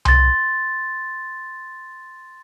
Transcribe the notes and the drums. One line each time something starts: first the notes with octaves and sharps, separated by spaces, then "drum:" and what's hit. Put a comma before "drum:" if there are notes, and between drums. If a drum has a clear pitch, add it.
C6 A6, drum: tom C2